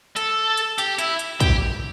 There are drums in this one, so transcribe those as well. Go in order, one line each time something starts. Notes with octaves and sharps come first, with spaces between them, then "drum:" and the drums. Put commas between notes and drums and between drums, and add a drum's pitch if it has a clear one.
A4, drum: hi-hat
drum: hi-hat
G4, drum: hi-hat
E4, drum: hi-hat
drum: hi-hat
G4, drum: kick, hi-hat